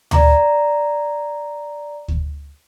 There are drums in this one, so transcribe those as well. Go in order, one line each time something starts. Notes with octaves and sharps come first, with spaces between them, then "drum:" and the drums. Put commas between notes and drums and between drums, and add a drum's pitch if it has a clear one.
D5 A#5 D6, drum: tom D2
drum: kick